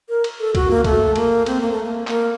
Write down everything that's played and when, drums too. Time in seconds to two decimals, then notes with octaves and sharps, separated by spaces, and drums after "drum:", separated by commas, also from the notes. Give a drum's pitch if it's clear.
0.09 A#4
0.24 drum: cymbal
0.39 A4
0.55 F#4, drum: kick, cymbal
0.70 A#3
0.84 A3, drum: kick, cymbal
1.16 A#3, drum: cymbal
1.46 C4, drum: cymbal
1.61 A#3
1.72 A3
1.83 A#3
2.07 A#3, drum: clap